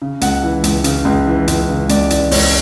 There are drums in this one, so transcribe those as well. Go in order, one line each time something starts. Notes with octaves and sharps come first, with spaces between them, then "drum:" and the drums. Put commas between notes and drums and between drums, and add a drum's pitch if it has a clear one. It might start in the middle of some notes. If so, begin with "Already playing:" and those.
C#3
C#2 F#5, drum: hi-hat
E3
C#2, drum: hi-hat
C#3, drum: hi-hat
C#2
E3
C#2, drum: hi-hat
C#3
C#2 D5, drum: hi-hat
E3 D5, drum: hi-hat
C#2 C#5, drum: open hi-hat